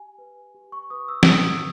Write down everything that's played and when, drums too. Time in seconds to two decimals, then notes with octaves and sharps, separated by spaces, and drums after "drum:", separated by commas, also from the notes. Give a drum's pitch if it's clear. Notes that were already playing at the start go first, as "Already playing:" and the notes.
Already playing: G4 G#5
0.18 B4
0.55 G4
0.72 C#6
0.90 B4 D#6
1.08 E6
1.23 E6, drum: snare
1.27 G4 D#6